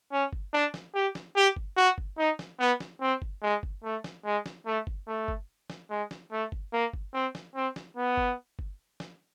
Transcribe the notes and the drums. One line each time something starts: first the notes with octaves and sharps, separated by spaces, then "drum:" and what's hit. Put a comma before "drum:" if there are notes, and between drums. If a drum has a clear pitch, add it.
C#4
drum: kick G1
D4
drum: snare
G4
drum: snare
G4
drum: kick G1
F#4
drum: kick G1
D#4
drum: snare
B3
drum: snare
C4
drum: kick G1
G#3
drum: kick G1
A3
drum: snare
G#3
drum: snare
A3
drum: kick G1
A3
drum: kick G1
drum: snare
G#3
drum: snare
A3
drum: kick G1
A#3
drum: kick G1
C4
drum: snare
C4
drum: snare
B3
drum: kick G1
drum: kick G1
drum: snare